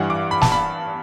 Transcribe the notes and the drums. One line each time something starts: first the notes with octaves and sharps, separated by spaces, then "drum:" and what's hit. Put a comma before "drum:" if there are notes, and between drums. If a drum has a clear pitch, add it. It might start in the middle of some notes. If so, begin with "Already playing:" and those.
Already playing: G2 E3 G3 F#5
D6
B5
A5, drum: snare
B5